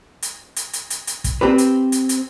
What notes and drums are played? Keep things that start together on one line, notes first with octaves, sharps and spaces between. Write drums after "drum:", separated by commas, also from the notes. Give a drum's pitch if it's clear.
drum: hi-hat
drum: hi-hat
drum: hi-hat
drum: hi-hat
drum: hi-hat
drum: kick, hi-hat
C4 G4 B4
drum: hi-hat
drum: hi-hat
drum: hi-hat